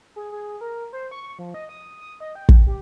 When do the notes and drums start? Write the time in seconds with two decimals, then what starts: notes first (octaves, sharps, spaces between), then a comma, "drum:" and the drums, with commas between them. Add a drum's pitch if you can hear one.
0.16 G#4
0.32 G#4
0.61 A#4
0.93 C5
1.11 C#6
1.39 F3
1.54 D#5
1.69 D#6
2.01 D#6
2.20 D#5
2.35 G5
2.49 drum: kick
2.67 G4